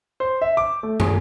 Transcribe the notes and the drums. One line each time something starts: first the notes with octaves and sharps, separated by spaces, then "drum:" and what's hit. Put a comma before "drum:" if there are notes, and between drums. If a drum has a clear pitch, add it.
C5
E5
D6
A3
G#4, drum: tom